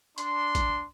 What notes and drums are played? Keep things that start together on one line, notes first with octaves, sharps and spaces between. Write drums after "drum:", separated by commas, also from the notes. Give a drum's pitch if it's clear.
D4 C6, drum: hi-hat
drum: kick, hi-hat